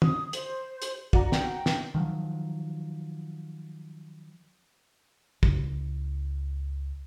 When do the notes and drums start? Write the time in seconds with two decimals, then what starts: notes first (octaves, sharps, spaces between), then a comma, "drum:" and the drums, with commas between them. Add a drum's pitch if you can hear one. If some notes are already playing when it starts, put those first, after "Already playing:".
0.02 D#6, drum: tom
0.33 C5, drum: hi-hat
0.82 drum: hi-hat
1.13 F#4 D5 A#5, drum: kick
1.32 G5, drum: snare
1.66 drum: snare
1.95 D#3 F3 F#3
5.43 C#2 E4, drum: kick